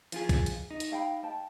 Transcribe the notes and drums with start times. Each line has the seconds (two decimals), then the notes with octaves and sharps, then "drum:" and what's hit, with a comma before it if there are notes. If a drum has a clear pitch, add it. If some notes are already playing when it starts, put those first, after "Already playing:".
0.12 F3 F4 G#4, drum: hi-hat
0.29 drum: kick, hi-hat
0.46 drum: hi-hat
0.71 D#4
0.80 drum: hi-hat
0.92 F5 G5 B5
1.23 G5 A5